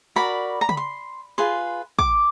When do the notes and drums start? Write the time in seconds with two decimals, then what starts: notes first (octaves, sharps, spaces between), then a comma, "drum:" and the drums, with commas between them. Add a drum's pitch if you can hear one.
0.16 F#4 A#4 D5 B5
0.61 A#5
0.69 B5, drum: tom C#3
0.77 C6
1.38 F4 G#4 B4 C6
1.99 D6, drum: kick